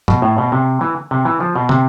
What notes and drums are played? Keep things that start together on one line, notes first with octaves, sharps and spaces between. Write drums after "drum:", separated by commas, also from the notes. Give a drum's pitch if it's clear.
B2, drum: tom G2
A2
B2
C3
E3
C3
E3
F3
B2
C3, drum: tom